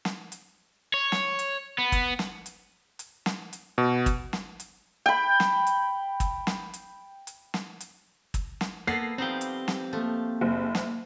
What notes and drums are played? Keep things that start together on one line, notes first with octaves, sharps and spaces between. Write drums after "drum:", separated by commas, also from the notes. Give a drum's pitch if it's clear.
drum: snare
drum: hi-hat
C#5
drum: snare
drum: hi-hat
B3
drum: kick, hi-hat
drum: snare
drum: hi-hat
drum: hi-hat
drum: snare
drum: hi-hat
B2
drum: kick, hi-hat
drum: snare
drum: hi-hat
G5 B5
drum: snare
drum: hi-hat
drum: kick, hi-hat
drum: snare
drum: hi-hat
drum: hi-hat
drum: snare
drum: hi-hat
drum: kick, hi-hat
drum: snare
A#3 B3 A4 B4 C7
F3 G3 C4 D#4 G4
drum: hi-hat
drum: snare
F3 A3 A#3
F#1
drum: snare